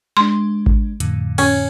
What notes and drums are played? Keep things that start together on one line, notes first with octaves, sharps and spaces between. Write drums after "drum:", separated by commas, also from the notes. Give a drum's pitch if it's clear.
G#3 D4 C6
drum: kick G#1
F2 A2 D3, drum: hi-hat
C#4, drum: cymbal